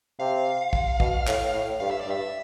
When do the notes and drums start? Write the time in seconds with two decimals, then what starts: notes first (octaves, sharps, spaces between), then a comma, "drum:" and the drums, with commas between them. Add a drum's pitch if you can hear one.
0.20 C3 F5
0.73 drum: kick
1.00 B2, drum: kick
1.27 A2, drum: clap
1.53 A2
1.80 G2 F5
1.91 E5
2.01 D5
2.07 G2
2.11 E5